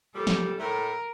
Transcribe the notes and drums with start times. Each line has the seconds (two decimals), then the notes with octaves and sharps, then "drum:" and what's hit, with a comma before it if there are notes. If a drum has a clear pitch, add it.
0.15 A#2 F3 G3 A4
0.27 drum: snare
0.60 A2 A3 A#4